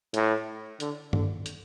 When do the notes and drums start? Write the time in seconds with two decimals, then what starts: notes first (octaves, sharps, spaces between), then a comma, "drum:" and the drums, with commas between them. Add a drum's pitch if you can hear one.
0.14 A2, drum: hi-hat
0.80 D3, drum: hi-hat
1.13 D3, drum: tom G2
1.46 drum: hi-hat